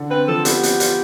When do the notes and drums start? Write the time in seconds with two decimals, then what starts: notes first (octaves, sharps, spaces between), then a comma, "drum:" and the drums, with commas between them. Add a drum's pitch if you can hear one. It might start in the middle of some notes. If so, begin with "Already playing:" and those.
Already playing: D3
0.10 C4 B4
0.28 F3 A4
0.45 B3 G4, drum: hi-hat
0.63 B3, drum: hi-hat
0.80 F4, drum: hi-hat